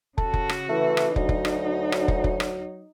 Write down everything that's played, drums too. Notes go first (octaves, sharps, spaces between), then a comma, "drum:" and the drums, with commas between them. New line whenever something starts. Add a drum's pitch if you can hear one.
C#3 F#4 A4, drum: kick
drum: kick
drum: rim click
E3 A3
drum: rim click
D2 F#3 D#4, drum: kick
drum: kick
drum: rim click
drum: rim click
drum: kick
drum: kick
drum: rim click